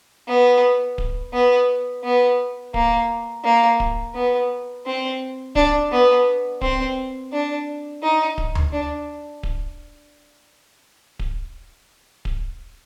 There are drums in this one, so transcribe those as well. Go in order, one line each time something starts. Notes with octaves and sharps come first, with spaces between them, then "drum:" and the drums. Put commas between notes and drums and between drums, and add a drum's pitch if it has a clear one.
B3
drum: kick D1
B3
B3
A#3, drum: kick D1
A#3
drum: kick D1
B3
C4
D4, drum: kick D1
B3
C4, drum: kick D1
D4
D#4
drum: kick D1
drum: tom D2
D4
drum: kick D1
drum: kick D1
drum: kick D1